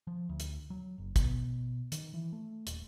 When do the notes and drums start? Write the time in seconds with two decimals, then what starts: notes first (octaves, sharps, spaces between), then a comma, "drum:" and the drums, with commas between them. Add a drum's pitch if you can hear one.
0.07 F3
0.29 D2
0.40 drum: hi-hat
0.70 F#3
0.98 F#1
1.16 B2, drum: kick, hi-hat
1.92 D#3, drum: hi-hat
2.14 E3
2.32 A3
2.67 D#1, drum: hi-hat